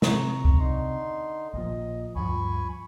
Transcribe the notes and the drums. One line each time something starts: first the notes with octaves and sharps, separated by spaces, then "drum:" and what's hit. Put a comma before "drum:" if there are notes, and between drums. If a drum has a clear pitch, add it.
C3 A#5 C#6, drum: snare
drum: kick C2
D3 D#4 C6
A#1 A#2 F3 D#5
D2 G2 F3 G#5 B5 C#6